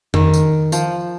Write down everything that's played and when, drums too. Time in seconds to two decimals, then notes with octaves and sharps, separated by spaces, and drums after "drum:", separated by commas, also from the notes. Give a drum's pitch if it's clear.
0.14 D#3, drum: tom F2
0.34 drum: tambourine
0.72 F3, drum: tambourine